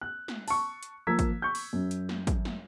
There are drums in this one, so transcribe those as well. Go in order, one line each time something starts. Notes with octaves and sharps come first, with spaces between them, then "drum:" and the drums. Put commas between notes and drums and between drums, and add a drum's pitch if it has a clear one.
F#6
drum: snare
A5 C#6, drum: open hi-hat
drum: hi-hat
F3 A#3 A#5 E6 G#6 B6
drum: kick, hi-hat
C#6 G6
drum: open hi-hat
F#2
drum: hi-hat
drum: snare
drum: kick, hi-hat
drum: snare